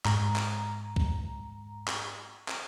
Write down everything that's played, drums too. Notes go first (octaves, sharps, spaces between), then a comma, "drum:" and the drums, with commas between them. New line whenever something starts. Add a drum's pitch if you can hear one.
G#2 A#5, drum: clap
drum: clap
drum: kick C2
drum: clap
drum: clap